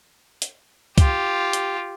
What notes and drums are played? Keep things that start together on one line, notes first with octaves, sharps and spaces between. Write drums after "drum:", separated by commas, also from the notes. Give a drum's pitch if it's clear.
drum: hi-hat
F4 G4, drum: kick C2, hi-hat
drum: hi-hat